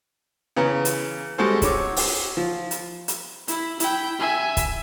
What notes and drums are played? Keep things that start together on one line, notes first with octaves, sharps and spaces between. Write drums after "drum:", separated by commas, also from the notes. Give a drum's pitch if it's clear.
C#3 E3 B3 A#5
drum: hi-hat
G3 G#3 C4 F#4 A4 C5
B1 C#4 C#5 D6, drum: kick C#1, hi-hat
drum: open hi-hat
F3
drum: hi-hat
drum: hi-hat
E4, drum: hi-hat
E4 G5, drum: hi-hat
E5 G#5
drum: kick C#1, hi-hat